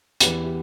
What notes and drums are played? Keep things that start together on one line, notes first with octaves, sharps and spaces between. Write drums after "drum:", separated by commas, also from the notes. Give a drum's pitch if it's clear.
E2 G4 B4, drum: hi-hat
E3
G4